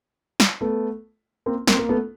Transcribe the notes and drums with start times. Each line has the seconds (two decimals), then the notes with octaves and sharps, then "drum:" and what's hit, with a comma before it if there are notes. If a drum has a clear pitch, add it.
0.40 drum: snare
0.61 A3 B3
1.46 A#3 C4
1.67 A#3 C4, drum: snare
1.79 A#3
1.89 A3 B3